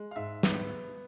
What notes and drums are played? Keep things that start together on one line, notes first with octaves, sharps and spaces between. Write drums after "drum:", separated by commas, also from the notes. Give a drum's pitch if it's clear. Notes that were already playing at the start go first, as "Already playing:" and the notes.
Already playing: G#3
F5
G#2 E5
B3, drum: snare